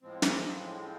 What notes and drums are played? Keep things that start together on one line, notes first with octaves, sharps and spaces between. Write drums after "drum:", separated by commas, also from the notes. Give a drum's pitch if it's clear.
A2 F3 G#3 C4
drum: snare